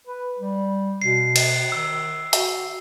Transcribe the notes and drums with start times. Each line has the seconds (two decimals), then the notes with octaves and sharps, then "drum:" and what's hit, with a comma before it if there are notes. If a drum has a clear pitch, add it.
0.07 B4
0.38 G3
1.02 B2 C7
1.36 drum: cymbal
1.72 D#3 E6
2.33 F#4, drum: hi-hat